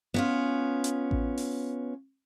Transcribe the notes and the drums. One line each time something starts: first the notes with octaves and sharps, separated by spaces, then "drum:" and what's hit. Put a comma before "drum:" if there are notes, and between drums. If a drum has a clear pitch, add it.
B3 C#4 F4
drum: hi-hat
drum: kick A1
drum: open hi-hat